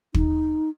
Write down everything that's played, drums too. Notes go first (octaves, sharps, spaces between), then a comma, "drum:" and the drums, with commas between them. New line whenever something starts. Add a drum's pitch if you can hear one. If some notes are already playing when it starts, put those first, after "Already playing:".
D#4, drum: kick